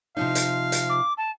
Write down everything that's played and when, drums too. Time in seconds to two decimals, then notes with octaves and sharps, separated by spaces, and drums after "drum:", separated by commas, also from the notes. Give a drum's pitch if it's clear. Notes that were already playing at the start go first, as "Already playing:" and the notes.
0.17 C3 F3 D#4 F5
0.35 drum: hi-hat
0.72 drum: hi-hat
0.89 D6
1.17 A5